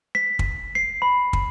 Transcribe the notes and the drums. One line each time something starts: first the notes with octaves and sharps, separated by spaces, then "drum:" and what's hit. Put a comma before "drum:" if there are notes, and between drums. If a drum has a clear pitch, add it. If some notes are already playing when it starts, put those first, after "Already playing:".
B6
drum: kick
C7
B5
drum: kick